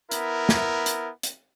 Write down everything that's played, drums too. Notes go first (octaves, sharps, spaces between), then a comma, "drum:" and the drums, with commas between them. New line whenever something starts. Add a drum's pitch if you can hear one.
B3 E4 A#4, drum: hi-hat
drum: snare
drum: hi-hat
drum: hi-hat